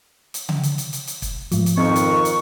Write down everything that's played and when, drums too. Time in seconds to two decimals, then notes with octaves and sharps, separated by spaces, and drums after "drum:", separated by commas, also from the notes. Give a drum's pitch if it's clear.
0.34 drum: hi-hat
0.49 drum: tom C#3
0.63 drum: hi-hat
0.78 drum: hi-hat
0.93 drum: hi-hat
1.07 drum: hi-hat
1.22 drum: kick, hi-hat
1.52 G#2 F3, drum: hi-hat
1.66 drum: hi-hat
1.77 F2 D#3 C4 C#6
1.96 drum: hi-hat
2.25 drum: hi-hat